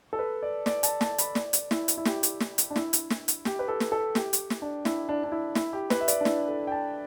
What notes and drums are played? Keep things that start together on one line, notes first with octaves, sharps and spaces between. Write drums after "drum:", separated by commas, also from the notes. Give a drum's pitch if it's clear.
A4
B4
D5
D5, drum: snare
A5, drum: hi-hat
A5, drum: snare
B5, drum: hi-hat
D5, drum: snare
drum: hi-hat
E4, drum: snare
drum: hi-hat
E4
G4, drum: snare
drum: hi-hat
drum: snare
drum: hi-hat
D4
E4, drum: snare
drum: hi-hat
drum: snare
drum: hi-hat
G4, drum: snare
B4
A4
drum: snare
A4
G4, drum: snare
drum: hi-hat
drum: snare
D4
E4, drum: snare
D4
D4
E4
E4, drum: snare
G4
B4, drum: snare
E5
D5, drum: hi-hat
D4
E4, drum: snare
A4
G5
A5